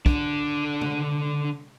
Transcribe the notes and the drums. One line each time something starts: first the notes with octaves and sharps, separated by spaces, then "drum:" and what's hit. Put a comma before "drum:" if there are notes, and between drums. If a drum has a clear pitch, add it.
D3 D4, drum: kick
drum: tom C3